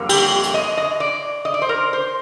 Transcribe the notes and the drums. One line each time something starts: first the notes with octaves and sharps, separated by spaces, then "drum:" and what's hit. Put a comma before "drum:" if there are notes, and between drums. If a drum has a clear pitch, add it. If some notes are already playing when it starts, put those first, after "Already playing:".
Already playing: F2 D3 G3 A#3
G4, drum: cymbal
drum: hi-hat
D#5
D#5
D5
D#5
D5
C5
A#4
C5